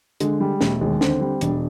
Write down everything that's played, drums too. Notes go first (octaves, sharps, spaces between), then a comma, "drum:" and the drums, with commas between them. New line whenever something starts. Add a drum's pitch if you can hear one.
D3 G#3, drum: hi-hat
G3
E1 A3, drum: snare
D#2 G#3
D3 C4, drum: snare
G3
E1 D4, drum: hi-hat